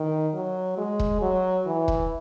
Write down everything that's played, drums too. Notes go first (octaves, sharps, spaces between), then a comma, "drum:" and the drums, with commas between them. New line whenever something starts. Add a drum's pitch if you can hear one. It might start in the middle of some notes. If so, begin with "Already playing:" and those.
Already playing: D#3
F#3
G#3
drum: kick
F#3
E3
drum: kick